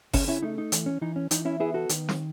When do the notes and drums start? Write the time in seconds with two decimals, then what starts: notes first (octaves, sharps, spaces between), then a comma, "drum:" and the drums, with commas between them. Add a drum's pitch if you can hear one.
0.14 C#3 C#4, drum: kick G1, open hi-hat
0.28 C#4 E4
0.42 A3 D#4
0.58 D#4
0.72 E3, drum: hi-hat
0.86 C#4
1.01 E3 D#4
1.16 C#4
1.31 E3 D#4, drum: hi-hat
1.45 C#4 E4
1.60 B3 E4 G#4
1.74 F#4 A4
1.89 D#3, drum: hi-hat
2.09 drum: snare